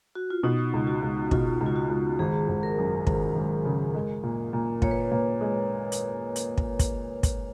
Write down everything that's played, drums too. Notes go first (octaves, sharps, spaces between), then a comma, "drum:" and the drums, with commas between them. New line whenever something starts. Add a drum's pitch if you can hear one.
F#4
F4
B2 D#4
C#2
F#4
C#2
B2 F4, drum: kick
C#2
F4
F#4
C#2
G#1 G#4
G#1
A#4
F#2
G#1, drum: kick
G#1
C#3
G#3
A#2
A#2
A#2 C#5, drum: kick
B4
C#5
A#2
G#3
drum: hi-hat
drum: hi-hat
drum: kick
drum: kick, hi-hat
drum: kick, hi-hat